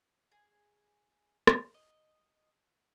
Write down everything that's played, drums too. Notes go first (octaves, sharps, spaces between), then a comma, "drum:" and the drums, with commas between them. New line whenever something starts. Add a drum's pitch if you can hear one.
G#4
drum: rim click
D#5